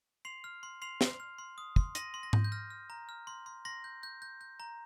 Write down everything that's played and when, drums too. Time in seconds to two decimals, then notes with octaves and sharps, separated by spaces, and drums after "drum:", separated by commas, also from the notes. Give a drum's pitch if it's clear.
0.25 C6 C7 F7
0.44 F6
0.63 C6
0.82 C6 C7 F7
1.01 C6, drum: snare
1.20 F6
1.39 C6
1.58 D#6
1.76 C6, drum: kick
1.95 C6 A#6 D#7, drum: hi-hat
2.14 C6
2.23 A#6
2.33 G6, drum: tom G#2
2.44 G6
2.52 F6 A#6
2.70 F6
2.90 A#5
3.09 F6
3.27 C6
3.46 C6
3.65 C6 A#6
3.84 G6
4.03 G6
4.22 G6
4.41 G6
4.60 A#5